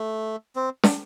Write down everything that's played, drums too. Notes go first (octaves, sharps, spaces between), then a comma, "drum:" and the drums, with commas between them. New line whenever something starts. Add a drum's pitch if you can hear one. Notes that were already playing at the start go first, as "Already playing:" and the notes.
Already playing: A3
C4
drum: snare